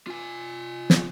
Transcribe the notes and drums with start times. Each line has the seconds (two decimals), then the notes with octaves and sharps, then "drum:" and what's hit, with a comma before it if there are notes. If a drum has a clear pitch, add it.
0.07 F4 G#5
0.90 drum: snare